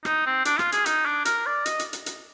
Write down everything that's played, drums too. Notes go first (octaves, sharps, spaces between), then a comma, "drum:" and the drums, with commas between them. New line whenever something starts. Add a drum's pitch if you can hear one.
D#4, drum: rim click
C4
D4, drum: hi-hat
F4, drum: rim click
G#4, drum: hi-hat
D#4, drum: hi-hat
D4
A#4, drum: hi-hat
D5
D#5, drum: hi-hat
drum: hi-hat
drum: hi-hat
drum: hi-hat